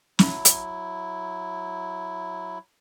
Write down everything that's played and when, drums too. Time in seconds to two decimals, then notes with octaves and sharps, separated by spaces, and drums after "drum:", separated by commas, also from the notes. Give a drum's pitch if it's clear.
0.19 F#3 E4, drum: snare
0.45 drum: hi-hat